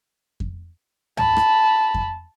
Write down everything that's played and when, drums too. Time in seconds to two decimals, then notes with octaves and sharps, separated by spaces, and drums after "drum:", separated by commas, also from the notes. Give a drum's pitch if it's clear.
0.40 drum: kick F2
1.17 A5 B5, drum: tom
1.37 drum: rim click
1.94 drum: kick F2